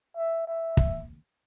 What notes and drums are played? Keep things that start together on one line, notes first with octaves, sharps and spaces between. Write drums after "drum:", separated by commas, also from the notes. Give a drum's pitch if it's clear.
E5
E5
drum: kick